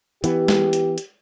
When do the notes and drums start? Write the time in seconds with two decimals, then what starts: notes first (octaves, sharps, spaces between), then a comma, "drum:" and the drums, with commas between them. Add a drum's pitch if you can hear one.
0.24 E3 B3 G4, drum: hi-hat
0.48 drum: snare
0.73 drum: hi-hat
0.98 drum: hi-hat